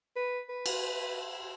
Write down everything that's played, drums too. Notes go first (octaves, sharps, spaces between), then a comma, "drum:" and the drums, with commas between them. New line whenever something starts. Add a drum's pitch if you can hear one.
B4
B4
drum: cymbal